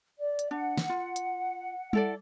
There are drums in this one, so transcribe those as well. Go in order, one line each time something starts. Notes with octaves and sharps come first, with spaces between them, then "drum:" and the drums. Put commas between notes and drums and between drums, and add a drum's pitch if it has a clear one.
D5
drum: hi-hat
D4 F#5
drum: snare
F4
drum: hi-hat
E4 A4 D5, drum: tom G3